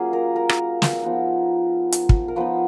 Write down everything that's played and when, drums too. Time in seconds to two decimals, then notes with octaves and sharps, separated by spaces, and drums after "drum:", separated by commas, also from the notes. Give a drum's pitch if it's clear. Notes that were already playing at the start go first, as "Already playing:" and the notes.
Already playing: F#3 A#3 C#4 F4 G#4
0.13 A#4
0.36 A#4
0.49 drum: rim click
0.82 drum: snare
1.02 F3 B3 D#4
1.92 drum: hi-hat
2.09 drum: kick
2.28 A#4
2.36 F3 B3 D#4 B4